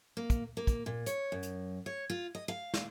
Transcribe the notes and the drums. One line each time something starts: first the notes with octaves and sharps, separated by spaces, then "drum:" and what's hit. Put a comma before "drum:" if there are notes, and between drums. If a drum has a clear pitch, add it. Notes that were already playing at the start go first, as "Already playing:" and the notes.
A#3
drum: kick, hi-hat
A#3
drum: kick, hi-hat
A#2
C#5, drum: hi-hat
F#2
drum: hi-hat
C#5
F4
D#5
F5
drum: snare